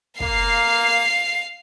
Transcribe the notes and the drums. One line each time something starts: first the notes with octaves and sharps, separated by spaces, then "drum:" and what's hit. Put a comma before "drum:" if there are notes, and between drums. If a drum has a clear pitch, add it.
A#3 F5 C7, drum: kick